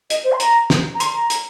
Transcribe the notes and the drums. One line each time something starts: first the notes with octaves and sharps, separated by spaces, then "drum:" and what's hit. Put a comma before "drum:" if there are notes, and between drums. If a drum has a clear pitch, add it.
D#5, drum: hi-hat
C5
C6
A#5, drum: hi-hat
drum: snare
A#5
C6, drum: hi-hat
A#5
drum: hi-hat